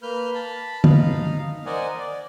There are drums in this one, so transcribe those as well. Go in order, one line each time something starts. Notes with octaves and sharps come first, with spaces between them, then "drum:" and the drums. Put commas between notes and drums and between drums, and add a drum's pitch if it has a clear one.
A#3 B4 F6 G6
A5 B5
D#4 F5, drum: tom D3
A#4 C5 D5 D#5 F#5 G#5
D5